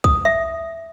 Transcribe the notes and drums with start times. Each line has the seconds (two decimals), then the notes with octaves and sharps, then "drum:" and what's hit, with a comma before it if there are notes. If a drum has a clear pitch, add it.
0.04 D#6, drum: kick
0.25 E5